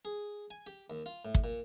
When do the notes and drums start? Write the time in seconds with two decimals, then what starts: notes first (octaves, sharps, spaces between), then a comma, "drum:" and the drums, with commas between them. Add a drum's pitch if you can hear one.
0.05 G#4
0.51 G#5
0.67 G4
0.90 D#2
1.06 F4
1.25 A2
1.35 drum: kick
1.44 A#2